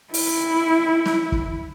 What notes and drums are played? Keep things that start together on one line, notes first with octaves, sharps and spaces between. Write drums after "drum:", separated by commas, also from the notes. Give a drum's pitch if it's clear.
E4, drum: open hi-hat
drum: snare
drum: kick